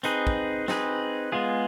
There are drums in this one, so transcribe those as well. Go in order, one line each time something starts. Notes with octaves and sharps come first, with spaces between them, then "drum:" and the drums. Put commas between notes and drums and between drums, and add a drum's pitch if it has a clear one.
C4 D#4 G#4 B4, drum: hi-hat
drum: kick
C4 D#4 G#4 B4, drum: snare
G#3 B3 F4 G#4